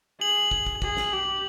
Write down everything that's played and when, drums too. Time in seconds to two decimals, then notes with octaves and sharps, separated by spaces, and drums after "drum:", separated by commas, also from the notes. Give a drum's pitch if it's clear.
0.21 G#4 F#7
0.51 drum: kick
0.66 drum: kick
0.82 G#4, drum: kick
0.97 drum: snare
1.12 G4